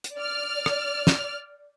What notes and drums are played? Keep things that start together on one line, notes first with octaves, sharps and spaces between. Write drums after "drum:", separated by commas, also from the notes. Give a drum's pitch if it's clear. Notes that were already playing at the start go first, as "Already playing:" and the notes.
drum: hi-hat
D5 F6
drum: rim click
drum: snare